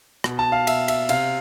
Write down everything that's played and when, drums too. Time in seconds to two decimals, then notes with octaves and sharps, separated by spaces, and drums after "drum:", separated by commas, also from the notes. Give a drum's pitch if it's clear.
0.24 B2, drum: rim click
0.39 A5
0.52 F5
0.67 B2 E5, drum: cymbal
0.88 E5, drum: cymbal
1.09 C3 F5, drum: cymbal